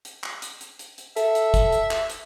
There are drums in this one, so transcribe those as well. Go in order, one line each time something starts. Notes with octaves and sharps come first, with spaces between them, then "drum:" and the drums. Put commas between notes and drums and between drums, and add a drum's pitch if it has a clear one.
drum: hi-hat
drum: clap
drum: hi-hat
drum: hi-hat
drum: hi-hat
drum: hi-hat
A4 E5, drum: hi-hat
drum: hi-hat
drum: kick, hi-hat
drum: hi-hat
drum: clap
drum: hi-hat